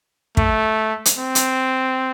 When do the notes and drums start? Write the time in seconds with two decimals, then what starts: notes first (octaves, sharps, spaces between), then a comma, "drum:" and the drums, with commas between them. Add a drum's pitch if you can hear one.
0.37 A3, drum: kick
1.05 drum: hi-hat
1.18 C4
1.35 drum: hi-hat